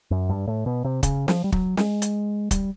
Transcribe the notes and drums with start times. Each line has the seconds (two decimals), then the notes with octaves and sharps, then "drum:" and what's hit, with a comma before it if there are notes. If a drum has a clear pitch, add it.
0.11 F#2
0.29 G2
0.48 A2
0.66 B2
0.85 C3
1.03 C#3, drum: kick, hi-hat
1.28 F3, drum: snare
1.44 G3
1.52 F#3, drum: kick
1.77 G#3, drum: snare
2.02 drum: hi-hat
2.51 G3, drum: kick, hi-hat